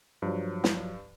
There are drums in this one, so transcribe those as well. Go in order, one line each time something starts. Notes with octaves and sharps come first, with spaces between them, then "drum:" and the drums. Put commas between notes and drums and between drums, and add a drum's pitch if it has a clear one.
G2 F3 F#3
drum: snare